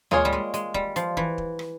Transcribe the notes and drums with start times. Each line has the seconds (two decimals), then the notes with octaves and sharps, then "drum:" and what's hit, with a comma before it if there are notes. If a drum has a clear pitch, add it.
0.11 G#3 A#3 F4 G#4 C#5, drum: tom D2
0.25 G3
0.33 G#3
0.54 G#3, drum: hi-hat
0.74 G3, drum: kick
0.96 F3, drum: hi-hat
1.17 E3, drum: kick
1.38 drum: kick
1.59 drum: rim click